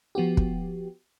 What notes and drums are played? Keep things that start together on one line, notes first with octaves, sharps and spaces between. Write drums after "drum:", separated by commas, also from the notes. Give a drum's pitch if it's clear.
F3 B3 F#4 G4
drum: kick